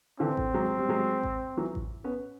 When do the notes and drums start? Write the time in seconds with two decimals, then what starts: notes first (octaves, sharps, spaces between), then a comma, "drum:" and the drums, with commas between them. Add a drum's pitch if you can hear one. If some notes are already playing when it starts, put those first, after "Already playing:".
0.19 D3 E3 C4
0.37 drum: kick A1
0.54 F#3 G#3
0.78 G3
0.89 F#3 G#3
1.23 drum: kick A1
1.57 E3 F#3
1.75 drum: kick A1
2.04 B3 C#4